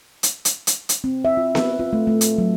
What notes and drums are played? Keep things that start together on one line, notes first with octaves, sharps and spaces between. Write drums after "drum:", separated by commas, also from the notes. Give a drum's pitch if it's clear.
drum: hi-hat
drum: hi-hat
drum: hi-hat
drum: hi-hat
C4
E5
F4
B4, drum: snare B3
F4
A3
A3
drum: hi-hat
F#3